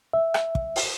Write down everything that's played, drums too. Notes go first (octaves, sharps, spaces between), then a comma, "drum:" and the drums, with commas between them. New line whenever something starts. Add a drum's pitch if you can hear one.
E5
drum: rim click
drum: kick
drum: open hi-hat